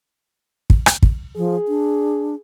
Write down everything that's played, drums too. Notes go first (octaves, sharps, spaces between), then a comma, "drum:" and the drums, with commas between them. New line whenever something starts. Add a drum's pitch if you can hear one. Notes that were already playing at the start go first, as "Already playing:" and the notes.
drum: kick
drum: rim click
drum: kick
F3 G#4
D4